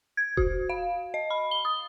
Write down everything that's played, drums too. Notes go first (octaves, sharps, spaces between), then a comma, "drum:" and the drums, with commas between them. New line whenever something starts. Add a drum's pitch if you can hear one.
G#6
F#4, drum: kick E1
F5
D#5
B5
G7
D#6